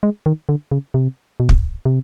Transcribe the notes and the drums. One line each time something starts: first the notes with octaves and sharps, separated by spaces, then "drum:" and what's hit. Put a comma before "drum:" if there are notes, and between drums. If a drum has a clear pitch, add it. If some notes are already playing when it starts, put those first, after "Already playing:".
G#3
D#3
D3
C#3
C3
B2
drum: kick
C3